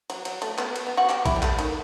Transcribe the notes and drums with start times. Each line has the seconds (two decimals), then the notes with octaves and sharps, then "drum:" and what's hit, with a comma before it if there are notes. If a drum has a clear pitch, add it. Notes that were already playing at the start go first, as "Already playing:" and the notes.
0.10 F#3, drum: cymbal
0.25 F#3, drum: cymbal
0.42 A3, drum: cymbal
0.58 B3, drum: clap
0.76 drum: cymbal
0.87 B3
0.97 F#4
1.09 G4, drum: clap
1.26 E4, drum: kick A#1, cymbal
1.36 G3
1.43 A3, drum: clap
1.59 D#3, drum: cymbal